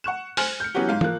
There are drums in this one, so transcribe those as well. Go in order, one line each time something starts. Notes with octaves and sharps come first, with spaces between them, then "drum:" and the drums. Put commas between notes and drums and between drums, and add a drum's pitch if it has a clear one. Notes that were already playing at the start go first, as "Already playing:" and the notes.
F#5 C#6 F#6 E7
C5 G#5 F6, drum: open hi-hat
G6 C#7
E3 F#3 B3 C#4 F#4 G4
G#2 F5
F3 A#3 F#6, drum: tom